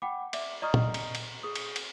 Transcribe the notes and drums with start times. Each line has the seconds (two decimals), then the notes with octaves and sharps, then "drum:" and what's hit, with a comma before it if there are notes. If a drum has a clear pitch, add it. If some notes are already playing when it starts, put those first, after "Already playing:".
0.02 F#5 G5 B5 D6
0.33 D5 E5 D6, drum: cymbal
0.62 D5 D#5 A#5 C#6 D#6 F6
0.74 drum: tom
0.94 drum: cymbal
1.15 drum: cymbal
1.43 G#4 D#6
1.55 drum: cymbal
1.76 drum: cymbal